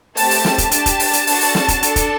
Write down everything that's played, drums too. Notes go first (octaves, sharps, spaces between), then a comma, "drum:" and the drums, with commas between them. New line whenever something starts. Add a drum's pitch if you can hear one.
A3 C4 G4 A5, drum: open hi-hat
drum: open hi-hat
drum: snare
drum: kick, hi-hat
D4 G4 A5, drum: hi-hat
drum: kick, hi-hat
drum: open hi-hat
drum: hi-hat
D4 F#4 A4, drum: open hi-hat
drum: open hi-hat
drum: snare
drum: kick, hi-hat
D4 A4, drum: hi-hat
drum: kick, hi-hat